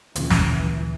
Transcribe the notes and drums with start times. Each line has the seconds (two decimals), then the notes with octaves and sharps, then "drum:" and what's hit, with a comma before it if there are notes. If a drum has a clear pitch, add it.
0.15 D2 A#2 C#3 E3, drum: hi-hat
0.30 drum: snare